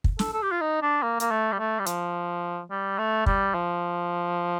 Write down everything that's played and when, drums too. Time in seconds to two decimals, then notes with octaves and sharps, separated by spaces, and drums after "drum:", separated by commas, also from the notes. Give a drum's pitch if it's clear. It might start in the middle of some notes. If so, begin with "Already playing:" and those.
0.04 drum: kick
0.19 A4, drum: snare
0.33 A4
0.42 G4
0.51 F4
0.61 D#4
0.82 D4
1.03 A#3
1.20 A#3, drum: hi-hat
1.31 A3
1.52 G3
1.59 A3
1.79 G3
1.86 F3, drum: hi-hat
2.71 G3
2.98 A3
3.26 G3, drum: kick
3.54 F3